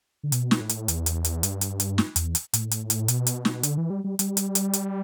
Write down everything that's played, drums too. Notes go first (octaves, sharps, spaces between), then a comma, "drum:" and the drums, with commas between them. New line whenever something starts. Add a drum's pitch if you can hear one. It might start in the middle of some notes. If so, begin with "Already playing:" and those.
D3
B2, drum: hi-hat
drum: snare
A2
drum: hi-hat
E2, drum: hi-hat
drum: hi-hat
drum: hi-hat
G2, drum: hi-hat
drum: hi-hat
drum: hi-hat
drum: snare
E2, drum: hi-hat
drum: hi-hat
A2, drum: hi-hat
drum: hi-hat
drum: hi-hat
B2, drum: hi-hat
drum: hi-hat
drum: snare
D3, drum: hi-hat
E3
G3
G3
G3, drum: hi-hat
drum: hi-hat
drum: hi-hat
drum: hi-hat